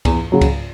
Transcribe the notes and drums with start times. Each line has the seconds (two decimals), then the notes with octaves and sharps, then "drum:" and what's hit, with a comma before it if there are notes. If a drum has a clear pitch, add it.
0.05 E2, drum: kick C#2, cymbal
0.32 C#3 F#3
0.41 drum: kick C#2, cymbal